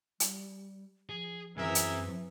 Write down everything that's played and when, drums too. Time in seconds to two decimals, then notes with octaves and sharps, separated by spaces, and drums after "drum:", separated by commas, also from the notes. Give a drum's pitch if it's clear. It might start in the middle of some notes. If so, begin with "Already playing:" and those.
0.20 G3, drum: hi-hat
1.09 F3 G#4
1.57 F#2 E3 C4 G#4 A#4 E5
1.75 drum: hi-hat